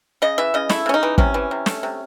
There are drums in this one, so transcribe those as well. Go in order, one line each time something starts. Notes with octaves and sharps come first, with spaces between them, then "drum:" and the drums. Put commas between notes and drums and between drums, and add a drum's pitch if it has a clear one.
C#3 D#5
E3 E5
C#3 D#5
A3 E4, drum: snare
C#3 C#4
D#4
E3
C3 C#4, drum: kick
E3
C3
A3, drum: snare
C3